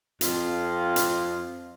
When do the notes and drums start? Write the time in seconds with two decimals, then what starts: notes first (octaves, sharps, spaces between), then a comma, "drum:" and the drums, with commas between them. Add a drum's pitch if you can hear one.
0.21 F2 F4, drum: hi-hat
0.96 drum: hi-hat